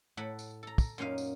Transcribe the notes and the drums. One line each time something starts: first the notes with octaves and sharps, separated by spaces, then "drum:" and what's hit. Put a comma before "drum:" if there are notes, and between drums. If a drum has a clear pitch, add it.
A2 A4 F#5 B5
drum: tambourine
A4 A#5
drum: kick, tambourine
F#2 A#2 C#4 D#4 F5
drum: tambourine